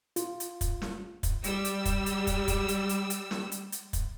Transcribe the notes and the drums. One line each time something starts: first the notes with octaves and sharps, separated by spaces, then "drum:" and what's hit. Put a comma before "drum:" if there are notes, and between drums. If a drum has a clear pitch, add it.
F4, drum: hi-hat
drum: hi-hat
drum: kick, hi-hat
drum: snare
drum: kick, hi-hat
G3 E6, drum: hi-hat
drum: hi-hat
drum: kick, hi-hat
drum: hi-hat
drum: kick, hi-hat
drum: kick, hi-hat
drum: hi-hat
drum: hi-hat
drum: hi-hat
drum: snare
drum: hi-hat
drum: hi-hat
drum: kick, hi-hat